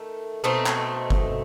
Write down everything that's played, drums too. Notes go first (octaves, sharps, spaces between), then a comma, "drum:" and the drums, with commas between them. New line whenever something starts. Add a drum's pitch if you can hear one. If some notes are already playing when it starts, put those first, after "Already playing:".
Already playing: D#3 A3
B2 A3 C4 D#4
drum: clap
drum: kick F#1